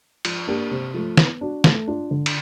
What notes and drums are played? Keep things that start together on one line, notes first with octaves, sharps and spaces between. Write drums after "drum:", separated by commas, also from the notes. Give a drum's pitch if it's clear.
F3, drum: cymbal
A#3 D4 G4
C3
F3 A3
B3, drum: snare
D4 F#4
A3, drum: snare
D4 F4
D3
drum: cymbal